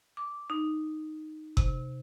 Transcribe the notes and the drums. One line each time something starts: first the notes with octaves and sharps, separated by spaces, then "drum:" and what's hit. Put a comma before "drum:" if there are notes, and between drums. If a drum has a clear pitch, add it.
D6
D#4
C3, drum: kick F#1